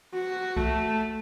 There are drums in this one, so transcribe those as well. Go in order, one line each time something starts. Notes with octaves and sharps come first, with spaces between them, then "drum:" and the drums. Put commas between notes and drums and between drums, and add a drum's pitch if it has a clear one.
F#4
A3, drum: kick C2